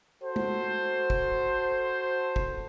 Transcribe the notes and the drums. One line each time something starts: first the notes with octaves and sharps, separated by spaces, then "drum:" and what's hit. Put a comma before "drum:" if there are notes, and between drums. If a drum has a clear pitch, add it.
F#4 A4 C5
drum: tom G#3
drum: kick
drum: kick